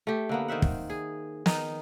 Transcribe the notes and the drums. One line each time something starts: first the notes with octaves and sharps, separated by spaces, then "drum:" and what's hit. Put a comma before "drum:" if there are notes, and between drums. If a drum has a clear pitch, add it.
A3 G4
D3 A#3 B3
D#3 C5 E5 F#5
drum: kick
G#4
D#3 D#4, drum: snare